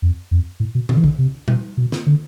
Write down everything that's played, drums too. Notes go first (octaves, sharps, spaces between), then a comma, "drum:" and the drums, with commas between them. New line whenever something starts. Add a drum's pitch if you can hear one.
F2
F2
A2
B2
B2, drum: tom D3
E3
D3, drum: kick A#1
C3
B2, drum: tom G3
B2
drum: snare
D3